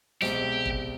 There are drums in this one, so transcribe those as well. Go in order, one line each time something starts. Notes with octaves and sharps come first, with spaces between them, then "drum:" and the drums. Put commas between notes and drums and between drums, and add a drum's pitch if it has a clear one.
C2 B2 G#3 C4 G4, drum: snare
drum: kick